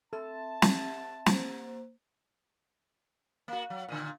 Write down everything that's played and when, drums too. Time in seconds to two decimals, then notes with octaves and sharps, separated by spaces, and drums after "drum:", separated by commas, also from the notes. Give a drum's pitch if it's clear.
0.13 C4 A4 E5 A5 C6
0.62 drum: snare
1.26 A#3 C5, drum: snare
3.48 A#3 F#4
3.70 F#3
3.89 A#2 D3